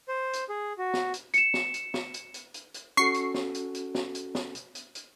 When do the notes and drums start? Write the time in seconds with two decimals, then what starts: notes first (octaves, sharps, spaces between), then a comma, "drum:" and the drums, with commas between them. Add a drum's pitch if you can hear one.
0.08 C5
0.33 drum: hi-hat
0.49 G#4
0.78 F#4
0.94 drum: snare
1.14 drum: hi-hat
1.34 C#7 E7, drum: hi-hat
1.54 drum: snare
1.74 drum: hi-hat
1.94 drum: snare
2.14 drum: hi-hat
2.34 drum: hi-hat
2.54 drum: hi-hat
2.74 drum: hi-hat
2.97 C#4 F#4 A4 C#6 C7
3.14 drum: hi-hat
3.34 drum: snare
3.54 drum: hi-hat
3.75 drum: hi-hat
3.95 drum: snare
4.15 drum: hi-hat
4.35 drum: snare
4.55 drum: hi-hat
4.75 drum: hi-hat
4.95 drum: hi-hat